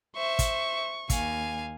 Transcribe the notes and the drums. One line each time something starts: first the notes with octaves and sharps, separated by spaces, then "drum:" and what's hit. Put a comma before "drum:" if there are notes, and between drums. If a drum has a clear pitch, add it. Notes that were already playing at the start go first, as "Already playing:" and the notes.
C5 E5 C#6
drum: kick, hi-hat
D#2 F5 G#5, drum: kick, hi-hat